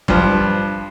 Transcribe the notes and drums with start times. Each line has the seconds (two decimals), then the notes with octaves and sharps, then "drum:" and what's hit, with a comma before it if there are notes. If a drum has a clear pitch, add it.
0.08 G2 F3, drum: kick